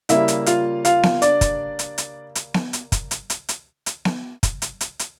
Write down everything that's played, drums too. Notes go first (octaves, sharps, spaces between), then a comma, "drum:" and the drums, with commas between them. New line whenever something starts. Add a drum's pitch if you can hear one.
C#3 G3 A#3 E4 E5, drum: hi-hat
drum: hi-hat
F4 F5, drum: hi-hat
F4 F5, drum: hi-hat
drum: snare B3
D4 D5, drum: hi-hat
drum: kick, hi-hat
drum: hi-hat
drum: hi-hat
drum: hi-hat
drum: snare B3
drum: hi-hat
drum: kick, hi-hat
drum: hi-hat
drum: hi-hat
drum: hi-hat
drum: hi-hat
drum: snare B3
drum: kick, hi-hat
drum: hi-hat
drum: hi-hat
drum: hi-hat